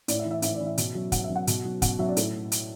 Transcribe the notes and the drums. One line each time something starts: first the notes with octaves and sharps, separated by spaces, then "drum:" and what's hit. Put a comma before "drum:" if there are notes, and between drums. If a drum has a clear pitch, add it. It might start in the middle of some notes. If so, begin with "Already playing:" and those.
A2 D5, drum: hi-hat
E5
E3
E5
A2 E5, drum: hi-hat
D5
E3
E5
B2, drum: hi-hat
F#3
B2 F#5, drum: kick, hi-hat
E5
F#3
F#5
B2, drum: hi-hat
F#3
B2 F#5, drum: kick, hi-hat
F#3 E5
D5
A2 A4, drum: hi-hat
drum: hi-hat